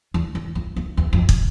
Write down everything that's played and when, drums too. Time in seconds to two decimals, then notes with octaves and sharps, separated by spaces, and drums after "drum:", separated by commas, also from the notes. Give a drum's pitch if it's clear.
0.14 E2
0.35 E2
0.55 F2
0.76 F2
0.97 E2
1.13 F2
1.29 drum: kick